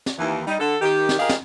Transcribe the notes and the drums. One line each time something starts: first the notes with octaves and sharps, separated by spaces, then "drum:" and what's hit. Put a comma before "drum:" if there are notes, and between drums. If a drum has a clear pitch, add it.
drum: snare
D#2 E3
G3 D#4
D3 A4
D#3 G4
drum: snare
F4 G4 G#4 A#4 D#5 F5
drum: snare